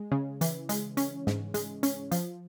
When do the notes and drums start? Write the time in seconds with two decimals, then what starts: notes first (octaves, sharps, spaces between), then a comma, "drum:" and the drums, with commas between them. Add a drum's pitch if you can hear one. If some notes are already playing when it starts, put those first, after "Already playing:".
Already playing: G#3
0.12 C#3
0.41 E3, drum: hi-hat
0.69 G#3, drum: hi-hat
0.97 C#4, drum: hi-hat
1.27 G#2, drum: snare
1.54 G#3, drum: hi-hat
1.83 C#4, drum: hi-hat
2.12 F3, drum: hi-hat